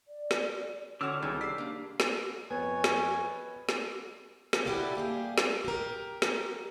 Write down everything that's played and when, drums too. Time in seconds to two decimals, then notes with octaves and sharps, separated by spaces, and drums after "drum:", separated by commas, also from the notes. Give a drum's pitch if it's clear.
0.08 D5
0.31 drum: snare
1.01 D3 C#4 F#4 C#5 D6 E6 F6 E7
1.22 C2 D#3 G#3 B3 G#4
1.41 G4 D5 B6 C7
1.58 A#3 D4
2.00 drum: snare
2.51 F2 B3 C#5 G#5
2.84 drum: snare
3.69 drum: snare
4.53 drum: snare
4.66 E4 F#4 G4 A4 D5 F5
4.95 G3 A#3 G4 G#4
5.38 drum: snare
5.65 G4 A#4
6.22 drum: snare